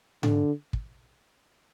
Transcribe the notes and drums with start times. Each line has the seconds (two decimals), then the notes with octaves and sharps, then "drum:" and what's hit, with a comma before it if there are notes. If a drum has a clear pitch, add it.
0.23 D3, drum: tom G#2
0.73 drum: kick